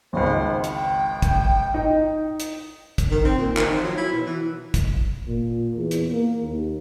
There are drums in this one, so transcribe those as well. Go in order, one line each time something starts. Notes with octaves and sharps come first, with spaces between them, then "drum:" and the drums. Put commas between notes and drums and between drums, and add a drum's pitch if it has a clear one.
G#1 C#2 C5
drum: hi-hat
G5
drum: kick, hi-hat
D#4
drum: hi-hat
drum: kick, hi-hat
D#3
C4
A#2
D#3, drum: clap
F3
F#3
E4
B2
E3
drum: kick, hi-hat
A#2
E2
drum: hi-hat
A#3
D#2